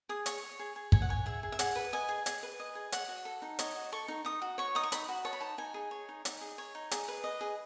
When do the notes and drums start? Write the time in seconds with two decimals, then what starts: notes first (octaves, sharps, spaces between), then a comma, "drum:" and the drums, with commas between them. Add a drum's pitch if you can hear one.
0.09 G#4 D#6
0.26 C#5 C#6, drum: hi-hat
0.43 C#5
0.59 G#4
0.76 G#4
0.92 C#5 G#5, drum: kick
1.02 F#5
1.09 C#5 G#5
1.26 G#4 E5
1.43 G#4
1.52 E5
1.59 G#4 F#5, drum: hi-hat
1.76 B4
1.93 D#5 G#5
2.09 G#4
2.26 G#4, drum: hi-hat
2.43 B4
2.60 D#5
2.75 G#4
2.92 C#5 F#5, drum: hi-hat
3.08 F#4
3.25 A4
3.42 D#4
3.59 C#5 D#5, drum: hi-hat
3.75 F#4
3.92 A4 C#6
4.08 D#4
4.25 D#4 D#6
4.42 F#4
4.58 C#5 C#6
4.75 D#4 D#6
4.83 C#6
4.92 D#4 B5, drum: hi-hat
5.09 F#4
5.25 C#5 A5
5.33 B5
5.41 D#4 A5
5.58 D#4 G#5
5.74 G#4
5.91 C#5
6.09 D#4
6.25 D#4, drum: hi-hat
6.41 G#4
6.58 C#5
6.75 D#4
6.91 G#4, drum: hi-hat
7.08 B4
7.24 D#5
7.41 G#4